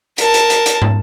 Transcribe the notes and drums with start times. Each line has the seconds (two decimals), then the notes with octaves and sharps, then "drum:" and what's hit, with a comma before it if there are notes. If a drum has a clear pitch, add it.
0.18 A#4 A5, drum: hi-hat
0.34 drum: hi-hat
0.50 drum: hi-hat
0.66 drum: hi-hat
0.82 drum: tom